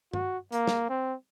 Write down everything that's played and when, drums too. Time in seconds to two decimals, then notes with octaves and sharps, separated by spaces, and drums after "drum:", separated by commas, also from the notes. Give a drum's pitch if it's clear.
0.13 F#4, drum: tom G2
0.52 A#3, drum: hi-hat
0.67 drum: snare
0.90 C4